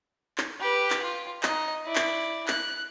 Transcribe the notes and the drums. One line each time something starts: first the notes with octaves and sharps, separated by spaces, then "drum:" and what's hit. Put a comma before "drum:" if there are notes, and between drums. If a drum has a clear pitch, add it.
drum: clap
G4 B4
drum: clap
F4
D#4 D#5, drum: clap
E4 D5
drum: clap
F#6, drum: clap